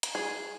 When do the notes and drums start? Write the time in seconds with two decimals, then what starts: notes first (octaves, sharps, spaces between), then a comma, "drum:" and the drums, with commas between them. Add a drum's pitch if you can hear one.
0.03 drum: hi-hat
0.15 G#4